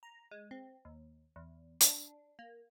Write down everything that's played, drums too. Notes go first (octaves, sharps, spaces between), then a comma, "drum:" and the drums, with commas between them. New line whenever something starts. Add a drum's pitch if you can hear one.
A#5
G#3
C4
D#2
E2
D4, drum: hi-hat
A#3